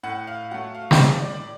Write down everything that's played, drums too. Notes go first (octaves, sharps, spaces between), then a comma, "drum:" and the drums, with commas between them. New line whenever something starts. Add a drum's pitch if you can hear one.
A2 F#5
F5
F#3 A3 F#5
F5
F5, drum: snare
A2 D5
D5
D5